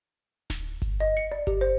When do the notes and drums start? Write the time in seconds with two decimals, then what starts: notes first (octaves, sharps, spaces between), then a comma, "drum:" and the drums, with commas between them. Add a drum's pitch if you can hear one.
0.50 drum: snare D1
0.82 drum: kick G1, hi-hat
1.00 D#5
1.17 C#7
1.32 D5
1.47 G4, drum: kick G1, hi-hat
1.61 C5